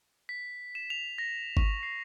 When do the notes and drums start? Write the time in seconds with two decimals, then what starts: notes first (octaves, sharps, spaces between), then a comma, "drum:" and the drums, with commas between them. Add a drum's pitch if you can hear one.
0.29 B6
0.75 E7
0.90 F7
1.18 A#6
1.57 C#6, drum: kick G#1
1.83 C7